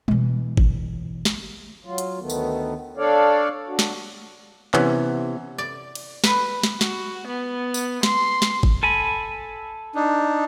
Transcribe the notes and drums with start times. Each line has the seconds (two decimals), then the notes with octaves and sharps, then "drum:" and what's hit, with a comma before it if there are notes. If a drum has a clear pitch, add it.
0.08 B2 E3, drum: tom G3
0.57 drum: kick G1
1.25 drum: snare
1.85 F#3 F4
1.98 drum: hi-hat
2.19 D2 D#3 A3 B3
2.30 drum: tambourine
2.97 D4 A4 C#5 D5 F5
3.68 D4 F#4
3.79 drum: snare
4.74 C3 E3 B3 C#4, drum: clap
5.58 D5
5.95 drum: cymbal
6.24 B4, drum: snare
6.63 drum: snare
6.81 F#4, drum: snare
7.27 B3
7.74 drum: tambourine
8.03 C6, drum: snare
8.42 drum: snare
8.63 drum: kick G1
8.83 A4 G#5 B5
9.95 D4 D#4